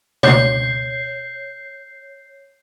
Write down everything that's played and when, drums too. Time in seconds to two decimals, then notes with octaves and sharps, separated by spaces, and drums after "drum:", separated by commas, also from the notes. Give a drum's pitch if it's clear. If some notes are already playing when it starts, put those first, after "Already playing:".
0.23 C#5 G6 C7, drum: tom B2